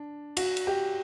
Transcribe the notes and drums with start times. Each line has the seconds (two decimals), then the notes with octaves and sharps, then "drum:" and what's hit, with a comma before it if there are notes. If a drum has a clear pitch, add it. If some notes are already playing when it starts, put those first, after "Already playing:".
Already playing: D4
0.37 F#4, drum: cymbal
0.57 drum: cymbal
0.67 G4